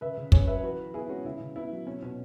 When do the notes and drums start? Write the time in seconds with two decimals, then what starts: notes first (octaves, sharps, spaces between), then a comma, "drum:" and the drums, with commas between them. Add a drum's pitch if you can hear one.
0.01 C#3 B4 E5
0.17 C#3
0.32 C#4 G#4 C#5, drum: kick
0.47 F#3 B4 E5
0.63 E3 F#4 B4
0.79 E3
0.94 B3 E4 G#4
1.09 G#3 C#4 F#4
1.25 C#3 E4
1.40 C#3
1.56 B3 E4
1.72 F#3
1.86 B2 C#4
2.02 B2 C#4